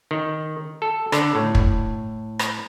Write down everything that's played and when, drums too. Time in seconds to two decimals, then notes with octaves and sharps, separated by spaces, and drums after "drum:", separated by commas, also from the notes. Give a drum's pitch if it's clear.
0.11 D#3
0.82 A4
1.12 D3, drum: rim click
1.35 A2
1.55 drum: kick
2.39 drum: rim click